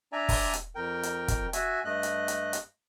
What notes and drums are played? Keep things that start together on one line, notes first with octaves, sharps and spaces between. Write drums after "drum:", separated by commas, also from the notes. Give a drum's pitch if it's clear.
D4 D5 E5 G#5 A#5
drum: kick, open hi-hat
drum: hi-hat
F2 A#4 G5
drum: hi-hat
drum: kick, hi-hat
F#4 E5 G#5, drum: hi-hat
G2 A3 D#5 F#6
drum: hi-hat
drum: hi-hat
drum: hi-hat